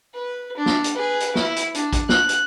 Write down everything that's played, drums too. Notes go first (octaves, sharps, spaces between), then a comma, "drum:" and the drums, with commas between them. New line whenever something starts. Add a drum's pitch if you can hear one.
B4
D4
drum: snare
drum: hi-hat
G#4 B4
drum: hi-hat
E4, drum: snare
drum: hi-hat
D4, drum: hi-hat
drum: kick A1, hi-hat
F#6, drum: snare
drum: hi-hat